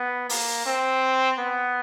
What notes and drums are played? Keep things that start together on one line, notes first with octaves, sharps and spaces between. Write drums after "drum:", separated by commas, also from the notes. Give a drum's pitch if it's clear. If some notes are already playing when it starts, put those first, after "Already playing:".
Already playing: B3
A#3, drum: open hi-hat
C4
B3